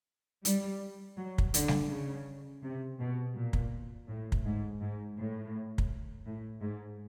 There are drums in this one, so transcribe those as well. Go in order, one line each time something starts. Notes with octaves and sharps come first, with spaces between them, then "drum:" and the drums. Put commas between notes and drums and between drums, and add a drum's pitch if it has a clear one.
G3, drum: hi-hat
F#3
drum: kick
D3, drum: hi-hat
drum: snare G3
C#3
C3
B2
A#2
drum: kick
A2
drum: kick
G#2
G#2
A2
drum: kick
A2
G#2